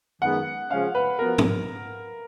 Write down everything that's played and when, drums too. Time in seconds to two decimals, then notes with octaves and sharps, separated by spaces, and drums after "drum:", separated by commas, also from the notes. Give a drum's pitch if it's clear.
0.22 F#2 D#3 G#3 B3 F#5
0.70 C#3 F3 G#3 C#4 F5
0.95 B4
1.19 F3 B3 F#4 A#4
1.38 drum: tom